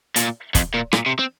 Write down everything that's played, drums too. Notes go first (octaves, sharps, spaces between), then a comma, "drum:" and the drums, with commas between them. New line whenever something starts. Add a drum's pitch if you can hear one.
A#2, drum: hi-hat
F2, drum: kick, hi-hat
A#2
A#2, drum: rim click
C3
C4